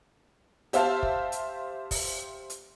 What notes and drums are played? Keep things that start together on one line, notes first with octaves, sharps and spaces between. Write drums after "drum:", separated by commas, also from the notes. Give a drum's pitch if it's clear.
G4 C5 E5 F5 A5, drum: hi-hat
drum: kick F1
drum: hi-hat
drum: kick F1, open hi-hat
drum: hi-hat